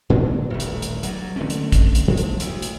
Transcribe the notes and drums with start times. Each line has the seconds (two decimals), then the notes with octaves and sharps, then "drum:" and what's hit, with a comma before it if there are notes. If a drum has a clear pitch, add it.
0.10 A#2 D3 F#3
0.50 D#1 A1
0.60 drum: hi-hat
0.82 drum: hi-hat
1.03 G2 F#3, drum: hi-hat
1.36 D3 A3 C4 C#4
1.50 drum: hi-hat
1.72 drum: kick, hi-hat
1.95 drum: hi-hat
2.08 G2 F3 F#3
2.17 drum: hi-hat
2.40 D2, drum: hi-hat
2.62 drum: hi-hat